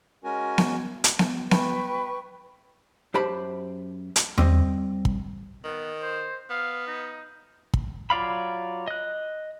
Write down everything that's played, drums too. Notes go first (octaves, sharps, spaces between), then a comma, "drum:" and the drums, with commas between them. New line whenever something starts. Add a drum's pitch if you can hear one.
G#3 C#4 F#4 A#4 G#5
drum: snare B3
drum: hi-hat
drum: snare B3
B4 G5 C#6, drum: snare B3
F#2 G4 C5 A5 B5
drum: hi-hat
G3 C4 D#5, drum: tom E2
drum: kick
D#3 B3
C5
B3 F5
D#4
drum: kick
F#3 F4 D5 F5 B5
D#5 F#6